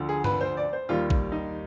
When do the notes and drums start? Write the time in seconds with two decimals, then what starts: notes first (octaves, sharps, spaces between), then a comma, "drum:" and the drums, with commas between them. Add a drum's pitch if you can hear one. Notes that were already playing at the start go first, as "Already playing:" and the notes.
Already playing: D2 D3 F3
0.09 G#4
0.24 B4, drum: tom G2
0.41 C5
0.57 D5
0.73 C5
0.89 D#2 D#3 G3 F4
1.10 drum: kick A#1
1.32 D#4